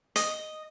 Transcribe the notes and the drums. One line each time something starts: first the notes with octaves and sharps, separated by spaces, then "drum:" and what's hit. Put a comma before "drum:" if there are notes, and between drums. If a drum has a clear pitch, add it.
D#5, drum: hi-hat